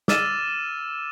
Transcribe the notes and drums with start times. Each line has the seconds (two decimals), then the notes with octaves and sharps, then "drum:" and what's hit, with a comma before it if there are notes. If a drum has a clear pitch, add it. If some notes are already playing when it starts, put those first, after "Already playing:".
0.08 D6 E6 F6 A6 D#7 E7, drum: snare